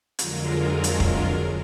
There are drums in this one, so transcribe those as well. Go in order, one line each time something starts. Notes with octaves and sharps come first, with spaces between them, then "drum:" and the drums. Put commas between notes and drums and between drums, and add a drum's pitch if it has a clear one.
F2 D3 F#3 G#3 F4 A#4, drum: hi-hat
drum: hi-hat
drum: kick F1